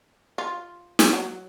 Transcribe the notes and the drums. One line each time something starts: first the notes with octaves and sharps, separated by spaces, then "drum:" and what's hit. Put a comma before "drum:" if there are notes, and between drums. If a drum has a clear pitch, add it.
F4
drum: snare
F#3